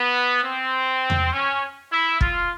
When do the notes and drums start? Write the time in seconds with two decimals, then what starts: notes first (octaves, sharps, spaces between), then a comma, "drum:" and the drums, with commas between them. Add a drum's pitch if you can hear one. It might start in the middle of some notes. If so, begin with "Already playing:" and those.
Already playing: B3
0.44 C4
1.10 drum: tom E2
1.32 C#4
1.92 E4
2.21 F4, drum: kick